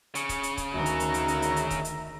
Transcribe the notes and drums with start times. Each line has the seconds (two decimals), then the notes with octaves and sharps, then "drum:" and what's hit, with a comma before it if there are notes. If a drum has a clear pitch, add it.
0.15 C#3 C#6, drum: hi-hat
0.29 drum: kick C#1, hi-hat
0.43 drum: hi-hat
0.57 drum: kick C#1, hi-hat
0.74 D2 D#3 F#4 E5 A#5
0.86 drum: hi-hat
1.00 drum: hi-hat
1.14 drum: hi-hat
1.28 drum: hi-hat
1.42 drum: hi-hat
1.56 drum: hi-hat
1.71 drum: kick C#1, hi-hat
1.85 drum: hi-hat